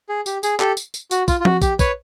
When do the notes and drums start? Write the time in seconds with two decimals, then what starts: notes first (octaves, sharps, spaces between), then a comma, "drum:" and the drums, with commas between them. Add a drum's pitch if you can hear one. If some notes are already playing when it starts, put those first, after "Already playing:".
0.09 G#4
0.26 G4, drum: tambourine
0.43 G#4, drum: tambourine
0.60 G4 A4, drum: clap
0.77 drum: tambourine
0.94 drum: tambourine
1.11 F#4, drum: tambourine
1.28 F4, drum: kick, tambourine
1.40 F4
1.45 F#4, drum: tom F3
1.62 G4, drum: kick, tambourine
1.79 B4 C#5, drum: kick, tambourine